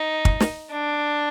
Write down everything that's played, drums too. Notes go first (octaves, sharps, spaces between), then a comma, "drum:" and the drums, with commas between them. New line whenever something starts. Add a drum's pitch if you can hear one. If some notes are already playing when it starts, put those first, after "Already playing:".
Already playing: D#4
drum: kick
drum: snare
D4